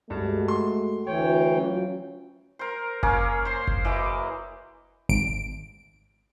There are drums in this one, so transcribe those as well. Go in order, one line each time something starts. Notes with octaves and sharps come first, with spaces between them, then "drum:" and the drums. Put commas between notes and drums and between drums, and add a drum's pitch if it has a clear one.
G2 G#3 A3 F#4
C6
D2 E3 C#5 G5
F#3 C#4 F4
A#4 C5
A#3 C#4 G#4 A#4, drum: kick F#1
C5 C6
drum: kick F#1
E3 F#3 D#5 D6
G#1 D7